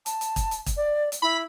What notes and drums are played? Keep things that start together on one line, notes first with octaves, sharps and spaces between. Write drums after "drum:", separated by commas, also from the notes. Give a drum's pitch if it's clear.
A5, drum: hi-hat
drum: hi-hat
drum: kick, hi-hat
drum: hi-hat
drum: kick, hi-hat
D5
drum: hi-hat
E4 B5